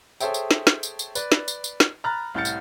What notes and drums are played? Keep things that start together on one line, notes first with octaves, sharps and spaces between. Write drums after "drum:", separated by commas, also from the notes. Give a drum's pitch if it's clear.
G#4 A4 C5 C#5 E5 G5, drum: tambourine
drum: tambourine
drum: snare
drum: snare
drum: tambourine
drum: tambourine
B4 D5, drum: tambourine
drum: snare
drum: tambourine
drum: tambourine
drum: snare
A#5 B5 F6 F#6 A6
C2 A2 F6 G6 A6 C#7
drum: tambourine